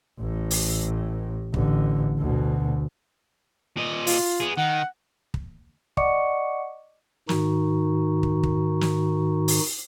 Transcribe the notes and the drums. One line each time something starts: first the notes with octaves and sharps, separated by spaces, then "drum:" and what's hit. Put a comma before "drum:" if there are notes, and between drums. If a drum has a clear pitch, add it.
A1 A2
drum: open hi-hat
A1 D3, drum: kick
D2 B2
A#2 D#5
F4, drum: open hi-hat
B3 G#4
D#3 F#5
drum: kick
D5 D#5 F#5 C#6 D6 C#7, drum: kick
G#2 D#3 D#4 F#4, drum: snare
drum: kick
drum: kick
drum: snare
drum: open hi-hat